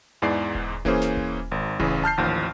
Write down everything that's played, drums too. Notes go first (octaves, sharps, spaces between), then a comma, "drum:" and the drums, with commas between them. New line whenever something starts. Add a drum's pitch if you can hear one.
E2 G#2 E3 D5 C7
drum: kick D#1
E3 A#3 C#4 G#4 C5, drum: kick D#1
drum: snare
drum: kick D#1
G#1
A1 C#3 E3, drum: kick D#1
A5 F6 G6 C7
A1 D#2 F3